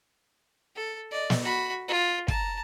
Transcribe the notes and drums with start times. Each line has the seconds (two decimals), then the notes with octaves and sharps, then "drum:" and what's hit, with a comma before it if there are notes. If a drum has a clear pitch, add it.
0.75 A4
1.11 D5 D#5
1.30 drum: snare
1.42 F#4 B5
1.88 F4
2.28 A5 A#5, drum: kick